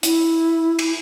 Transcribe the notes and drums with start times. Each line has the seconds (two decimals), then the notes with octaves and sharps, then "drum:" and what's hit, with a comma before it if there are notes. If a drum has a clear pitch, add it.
0.03 E4, drum: hi-hat
0.79 drum: cymbal